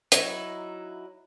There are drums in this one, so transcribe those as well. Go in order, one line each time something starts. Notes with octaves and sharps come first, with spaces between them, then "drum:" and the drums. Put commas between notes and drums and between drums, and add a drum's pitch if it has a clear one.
F#3 D#4 E4, drum: hi-hat